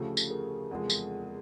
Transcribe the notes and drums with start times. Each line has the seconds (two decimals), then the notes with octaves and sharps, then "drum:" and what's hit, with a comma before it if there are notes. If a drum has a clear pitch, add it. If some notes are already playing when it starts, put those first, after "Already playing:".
Already playing: D2 C#3 F3 A3 G4 A4
0.17 drum: tambourine
0.30 G#4 A#4
0.71 E2 C3 F3 G#3
0.90 drum: tambourine